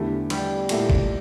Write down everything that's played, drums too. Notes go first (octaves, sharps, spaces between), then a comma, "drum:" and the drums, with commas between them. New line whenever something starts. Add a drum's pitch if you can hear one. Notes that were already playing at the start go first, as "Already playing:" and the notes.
Already playing: E2 D3 A3 E4 G4
G3, drum: cymbal
A#2 A3 E4 G4, drum: cymbal
drum: kick